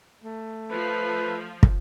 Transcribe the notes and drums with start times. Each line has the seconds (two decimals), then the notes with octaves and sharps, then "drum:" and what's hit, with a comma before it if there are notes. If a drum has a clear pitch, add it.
0.24 A3
0.71 F3 B4
1.63 drum: kick